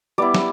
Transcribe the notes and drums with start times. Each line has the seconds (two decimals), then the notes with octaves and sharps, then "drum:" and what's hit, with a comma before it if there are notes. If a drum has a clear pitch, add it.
0.18 G3 B3 E4 D5
0.34 drum: snare